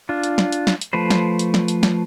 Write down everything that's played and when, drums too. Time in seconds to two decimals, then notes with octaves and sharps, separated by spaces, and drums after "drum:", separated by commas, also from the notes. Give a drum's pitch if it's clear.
0.09 D4 F4
0.24 drum: hi-hat
0.38 drum: snare
0.52 drum: hi-hat
0.67 drum: snare
0.81 drum: hi-hat
0.93 F3 A3 B4 C5
1.10 drum: snare
1.39 drum: hi-hat
1.54 drum: snare
1.68 drum: hi-hat
1.83 drum: snare